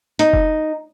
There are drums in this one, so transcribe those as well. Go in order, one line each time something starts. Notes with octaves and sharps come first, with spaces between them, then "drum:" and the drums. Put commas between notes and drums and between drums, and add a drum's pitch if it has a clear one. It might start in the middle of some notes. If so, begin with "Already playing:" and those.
D#4, drum: hi-hat
drum: kick F1